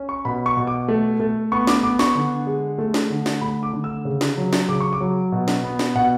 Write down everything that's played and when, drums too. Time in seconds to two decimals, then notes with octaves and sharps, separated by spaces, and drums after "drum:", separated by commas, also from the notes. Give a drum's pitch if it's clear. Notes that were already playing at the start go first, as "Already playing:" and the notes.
Already playing: C#4
0.09 C#6
0.25 B2 B5
0.46 C#6
0.57 B2
0.67 D6
0.88 A3
1.20 A3
1.52 B3 C#6
1.67 D6, drum: snare
1.83 B3 D6
1.99 C#6, drum: snare
2.15 D3
2.47 G#3
2.78 A3
2.94 drum: snare
3.10 D3
3.26 drum: snare
3.41 A3 B5
3.63 D6
3.73 D3
3.84 E6
4.05 C#3
4.21 drum: snare
4.37 F#3
4.53 drum: snare
4.69 C#3 D6
4.80 C#6
4.93 D6
5.00 F#3
5.32 B2
5.48 drum: snare
5.64 B3
5.79 drum: snare
5.95 B2 F#5